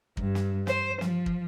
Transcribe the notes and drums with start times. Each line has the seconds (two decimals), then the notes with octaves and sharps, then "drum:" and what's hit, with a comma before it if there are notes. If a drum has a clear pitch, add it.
0.17 G2, drum: kick
0.35 drum: snare
0.67 C5, drum: snare
1.01 F3, drum: snare
1.26 drum: kick